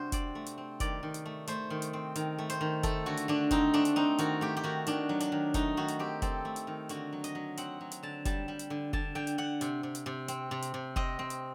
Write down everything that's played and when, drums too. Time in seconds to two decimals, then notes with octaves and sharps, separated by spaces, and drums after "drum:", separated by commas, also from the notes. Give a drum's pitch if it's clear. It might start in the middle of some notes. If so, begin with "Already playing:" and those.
Already playing: C3 G3 D4 F#4 C5
0.12 C4 D5, drum: kick F1, hi-hat
0.35 A3
0.46 drum: hi-hat
0.58 C4
0.80 D#3 D5, drum: kick F1, hi-hat
1.03 D#3
1.14 drum: hi-hat
1.25 A3
1.47 A3 C5, drum: hi-hat
1.70 D#3
1.82 drum: hi-hat
1.93 C4
2.15 D#3, drum: hi-hat
2.38 A3
2.50 C5, drum: hi-hat
2.61 D#3
2.83 A3 A4, drum: kick F1, hi-hat
3.06 D3 F#4
3.17 drum: hi-hat
3.28 D3 D4
3.51 C4 D#4, drum: kick F1, hi-hat
3.74 A3 D4
3.85 drum: hi-hat
3.96 C4 D#4
4.18 D#3 F#4, drum: hi-hat
4.41 A3 G4
4.57 G4
4.63 D#3 F#4
4.86 D#3 D4, drum: hi-hat
5.09 F#3
5.20 D4, drum: hi-hat
5.32 D#3
5.54 A3 D#4, drum: kick F1, hi-hat
5.77 D#3 F#4
5.88 drum: hi-hat
5.99 C4 G4
6.22 C4 A4, drum: kick F1, hi-hat
6.45 A3
6.56 drum: hi-hat
6.67 D#3
6.89 D3 F#4, drum: hi-hat
7.13 F#3
7.24 D#5, drum: hi-hat
7.35 F#3
7.57 C4 F#5, drum: hi-hat
7.81 F#3
7.91 drum: hi-hat
8.03 D3 A5
8.25 G3 A5, drum: kick F1, hi-hat
8.48 G3
8.59 drum: hi-hat
8.70 D3
8.93 D3 A5, drum: kick F1
9.15 D3 G5
9.27 drum: hi-hat
9.38 D3 F#5
9.61 C3, drum: hi-hat
9.83 C3
9.95 drum: hi-hat
10.06 C3
10.28 C4, drum: hi-hat
10.51 C3
10.62 drum: hi-hat
10.74 C3
10.96 C4 D#5, drum: kick F1
11.19 C4
11.30 drum: hi-hat